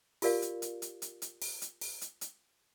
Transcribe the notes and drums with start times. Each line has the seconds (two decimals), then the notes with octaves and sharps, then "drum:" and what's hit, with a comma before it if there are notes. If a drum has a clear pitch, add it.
0.22 F4 G4 A#4 D5 F5, drum: open hi-hat
0.42 drum: hi-hat
0.62 drum: hi-hat
0.82 drum: hi-hat
1.02 drum: hi-hat
1.22 drum: hi-hat
1.42 drum: open hi-hat
1.61 drum: hi-hat
1.81 drum: open hi-hat
2.01 drum: hi-hat
2.21 drum: hi-hat